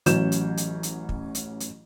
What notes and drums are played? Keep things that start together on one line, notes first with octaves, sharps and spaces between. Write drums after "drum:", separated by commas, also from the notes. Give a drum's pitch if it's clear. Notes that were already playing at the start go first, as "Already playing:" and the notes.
A1 E3 F#3 C#4 G6 E7, drum: hi-hat
drum: hi-hat
drum: hi-hat
drum: hi-hat
drum: kick
drum: hi-hat
drum: hi-hat